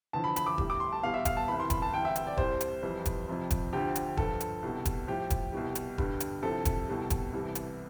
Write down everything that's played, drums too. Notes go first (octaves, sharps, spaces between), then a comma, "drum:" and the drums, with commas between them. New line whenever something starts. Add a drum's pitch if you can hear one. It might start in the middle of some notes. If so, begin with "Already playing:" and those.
E2 D3 F3 A5
B5
B5, drum: hi-hat
D6
A2 G3, drum: kick E1
D6
C6
A5
E2 B2 G3 F5
E5
F5, drum: kick E1, hi-hat
A5
C2 C3 E3 B5
C6
B5, drum: kick E1, hi-hat
A5
D2 C3 E3 G3 G5
E5
drum: hi-hat
D5
C2 C3 G3 C5, drum: kick E1
drum: hi-hat
F2 E3 G3
drum: kick E1, hi-hat
F2 C3 F3
drum: kick E1, hi-hat
D2 D3 F3 G4
drum: hi-hat
G2 F3 A4, drum: kick E1
drum: hi-hat
C2 B2 G3
drum: kick E1, hi-hat
A2 F3 G4
drum: kick E1, hi-hat
C2 B2 G3
drum: hi-hat
G2 D3 G3, drum: kick E1
drum: hi-hat
C2 C3 F3 A4
drum: kick E1, hi-hat
C2 B2 G3
drum: kick E1, hi-hat
C2 C3 E3 G3
drum: hi-hat